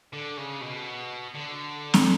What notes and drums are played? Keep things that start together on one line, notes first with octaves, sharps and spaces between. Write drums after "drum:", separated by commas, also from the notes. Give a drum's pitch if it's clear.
D3
C#3
B2
D3
drum: snare